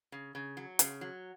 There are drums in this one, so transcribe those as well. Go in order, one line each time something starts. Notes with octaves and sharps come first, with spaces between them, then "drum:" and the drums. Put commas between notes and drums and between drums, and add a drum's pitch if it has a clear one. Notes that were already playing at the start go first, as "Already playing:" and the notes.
C#3
C#3
F#3
C#3, drum: hi-hat
F#3